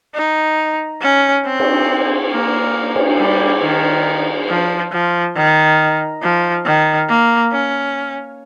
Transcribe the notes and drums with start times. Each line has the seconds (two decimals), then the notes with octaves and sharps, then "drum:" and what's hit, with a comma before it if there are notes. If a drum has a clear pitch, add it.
0.15 D#4
1.02 C#4
1.46 C4
1.60 drum: cymbal
2.31 A#3
2.96 drum: cymbal
3.18 G3
3.62 D#3
4.49 F3
4.92 F3
5.36 D#3
6.22 F3
6.66 D#3
7.09 A#3
7.52 C#4